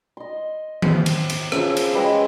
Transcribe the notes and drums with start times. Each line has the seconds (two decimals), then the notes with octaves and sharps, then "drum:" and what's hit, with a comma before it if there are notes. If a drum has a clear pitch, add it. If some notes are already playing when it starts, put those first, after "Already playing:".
0.17 D#5 C6
0.82 C5 C6, drum: tom D#3
1.06 drum: cymbal
1.29 drum: cymbal
1.52 C#3 F3, drum: rim click
1.77 drum: cymbal
1.94 G#3 G4 B4 D#5